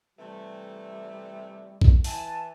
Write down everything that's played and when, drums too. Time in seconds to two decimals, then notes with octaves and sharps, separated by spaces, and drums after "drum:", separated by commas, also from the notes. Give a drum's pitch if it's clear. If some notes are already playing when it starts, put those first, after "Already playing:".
0.19 C3 E3 G3 A3
1.81 drum: kick
2.04 E3 G#5 A5, drum: open hi-hat